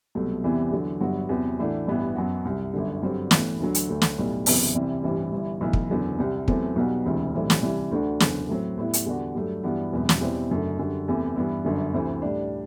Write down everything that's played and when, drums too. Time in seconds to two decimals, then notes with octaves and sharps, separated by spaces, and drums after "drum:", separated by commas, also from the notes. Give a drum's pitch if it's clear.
0.15 C2 B2 F#3 A3
0.44 E2 C3 E3 G3 B3
0.72 E2 D3 F#3
1.00 G1 G2 F#3 B3 F#4
1.29 E2 C3 F#3 B3
1.59 A2 E3 A3 D4 F#4
1.87 A1 G2 E3 B3
2.16 F#2 F#3 B3 F#4
2.45 C2 C3 G3
2.73 G1 F#2 D3
3.02 G2 D3 F#3 C4
3.31 A1 A2 E3 B3, drum: snare
3.60 D2 D3 F#3
3.75 drum: hi-hat
3.89 D2 D3 A3
4.02 drum: snare
4.17 B1 A2 G3 B3
4.46 F#1 E2 C3 E3 B3, drum: open hi-hat
4.74 C2 C3 E3 G3
5.03 A1 G2 E3 G3 C4
5.32 G1 G2 E3
5.61 B1 A2 E3 B3 E4
5.73 drum: kick
5.90 F#1 E2 D3 F#3
6.19 C2 C3 G3
6.48 E2 C3 F#3 A3 C4, drum: kick
6.76 B1 B2 G3 B3 F#4
7.05 E1 D2 C3 E3
7.34 B1 A2 E3 G3 C4
7.50 drum: snare
7.62 C2 C3 E3 G3
7.91 D2 D3 A3 D4 F#4
8.20 F#1 E2 D3, drum: snare
8.49 A2 F#3 C4
8.78 A2 G3 B3 E4
8.93 drum: hi-hat
9.06 E2 D3 G3 D4 F#4
9.35 G2 F#3 A3
9.63 G2 E3 B3 D4 F#4
9.92 E1 E2 C3 F#3 B3
10.09 drum: snare
10.21 E2 B2 G3 C4 E4
10.50 F#1 F#2 D3 A3
10.79 F#2 D3 G3
11.08 E2 C3 E3 A3
11.36 G2 E3 B3 E4
11.65 G1 F#2 D3
11.94 D2 C3 E3 A3 C4
12.22 A2 G3 D4